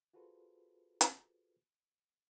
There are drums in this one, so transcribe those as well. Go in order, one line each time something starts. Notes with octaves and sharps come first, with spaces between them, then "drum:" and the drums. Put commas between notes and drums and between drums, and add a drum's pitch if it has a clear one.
F4 F#4 G#4 A4 B4 C5
drum: hi-hat